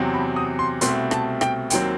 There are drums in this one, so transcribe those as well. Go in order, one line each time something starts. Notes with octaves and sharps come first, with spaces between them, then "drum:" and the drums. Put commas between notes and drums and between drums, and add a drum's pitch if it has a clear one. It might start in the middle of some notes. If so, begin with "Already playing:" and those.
Already playing: E2 C3 F#3 C4
B5
D#6
C6
C2 B2 A3 C4 C6, drum: hi-hat
A5, drum: rim click
G5, drum: rim click
D#2 D#3 F#3 C4 G5, drum: hi-hat